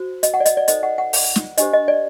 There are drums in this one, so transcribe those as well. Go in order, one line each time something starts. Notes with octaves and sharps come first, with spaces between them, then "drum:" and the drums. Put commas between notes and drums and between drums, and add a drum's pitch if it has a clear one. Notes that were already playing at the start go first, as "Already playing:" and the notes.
Already playing: F#4 C5
D#5, drum: hi-hat
F#5
D5
D#5, drum: hi-hat
D5
D#4 A4 C5 D#5, drum: hi-hat
F#5
F#5
drum: open hi-hat
drum: snare
D4 G4 C5 D#5, drum: hi-hat
D#5
D5